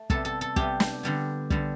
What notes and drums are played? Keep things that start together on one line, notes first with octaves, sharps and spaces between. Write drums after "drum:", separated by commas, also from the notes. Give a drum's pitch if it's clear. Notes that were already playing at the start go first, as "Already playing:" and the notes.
Already playing: A3
C3 G3 B3 A4, drum: kick
A4
A4
C3 G3 B3 G4, drum: kick
drum: snare
D3 G3 B3
D3 G3 B3, drum: kick